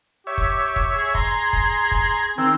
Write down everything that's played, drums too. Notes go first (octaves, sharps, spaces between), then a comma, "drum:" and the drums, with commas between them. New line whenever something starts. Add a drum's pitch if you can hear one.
G4 C#5 E5
drum: kick
drum: kick
G#4
A#5 C6, drum: kick
drum: kick
drum: kick
D#3 C4 A#4 C5